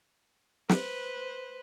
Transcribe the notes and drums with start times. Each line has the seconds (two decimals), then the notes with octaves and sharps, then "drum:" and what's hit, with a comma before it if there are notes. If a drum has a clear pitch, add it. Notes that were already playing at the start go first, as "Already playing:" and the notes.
0.69 B4 C5, drum: snare